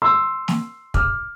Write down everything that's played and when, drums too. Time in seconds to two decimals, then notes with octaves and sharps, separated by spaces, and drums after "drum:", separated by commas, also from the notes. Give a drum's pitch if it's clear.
0.02 C6 E6
0.48 drum: snare
0.94 D6 F6, drum: kick